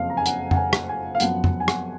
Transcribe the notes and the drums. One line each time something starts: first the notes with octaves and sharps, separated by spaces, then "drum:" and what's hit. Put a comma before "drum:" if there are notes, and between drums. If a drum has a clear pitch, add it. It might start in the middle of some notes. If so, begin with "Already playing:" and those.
Already playing: F#1 F2 F3 F5
A#5
G#5
F#5, drum: hi-hat
F#5, drum: tom F2
G#5
drum: rim click
G#5
F5
F#2 F3 B3 F4 F#5, drum: hi-hat
drum: tom F2
G#5
F#5, drum: rim click